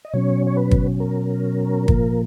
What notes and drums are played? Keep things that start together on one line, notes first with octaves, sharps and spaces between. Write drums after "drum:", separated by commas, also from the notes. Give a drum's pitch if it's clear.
D#5
B2 F#3 C#4 C#5
C#5
B4
drum: kick G1
A#4
A#2 F3 A#3, drum: kick G1